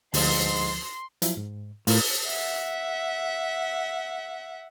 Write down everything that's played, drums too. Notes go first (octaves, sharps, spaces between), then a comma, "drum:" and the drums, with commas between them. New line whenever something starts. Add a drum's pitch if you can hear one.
D2 G#2 F3 C6, drum: open hi-hat
F3 F#3 E4, drum: hi-hat
G#2
A2 F4 A#4, drum: open hi-hat
E5 F#5